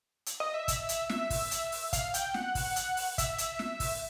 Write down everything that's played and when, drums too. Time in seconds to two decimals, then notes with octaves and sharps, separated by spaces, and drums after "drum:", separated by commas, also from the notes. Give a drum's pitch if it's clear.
0.26 drum: hi-hat
0.40 D#5
0.54 E5
0.68 drum: kick, hi-hat
0.89 drum: hi-hat
1.09 E5, drum: snare
1.30 drum: kick, open hi-hat
1.51 drum: hi-hat
1.72 drum: open hi-hat
1.93 F5, drum: kick, hi-hat
2.14 G5, drum: hi-hat
2.34 F#5, drum: snare
2.55 drum: kick, open hi-hat
2.76 drum: hi-hat
2.97 drum: open hi-hat
3.18 E5, drum: kick, hi-hat
3.38 drum: hi-hat
3.59 drum: snare
3.80 drum: kick, open hi-hat